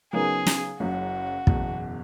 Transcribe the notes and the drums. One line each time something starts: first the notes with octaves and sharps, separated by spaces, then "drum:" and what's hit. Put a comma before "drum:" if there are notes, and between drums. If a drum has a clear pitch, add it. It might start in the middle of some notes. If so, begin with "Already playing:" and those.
C#3 F#3 B3 D#4 G#4 A#4
drum: snare
F#1 F#2 C#3 F#3 F#4
F#1 E2 B2, drum: kick